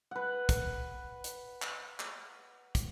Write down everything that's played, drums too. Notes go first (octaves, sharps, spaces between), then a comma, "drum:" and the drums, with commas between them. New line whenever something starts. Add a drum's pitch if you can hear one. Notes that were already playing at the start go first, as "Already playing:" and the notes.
B4 F#5
drum: kick, hi-hat
drum: hi-hat
drum: clap
drum: clap
drum: kick, hi-hat